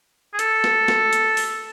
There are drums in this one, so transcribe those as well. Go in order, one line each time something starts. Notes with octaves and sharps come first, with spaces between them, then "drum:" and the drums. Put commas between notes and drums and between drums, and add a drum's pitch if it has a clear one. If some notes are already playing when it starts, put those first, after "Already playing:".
G#4
A4, drum: hi-hat
drum: snare
drum: snare
drum: hi-hat
drum: open hi-hat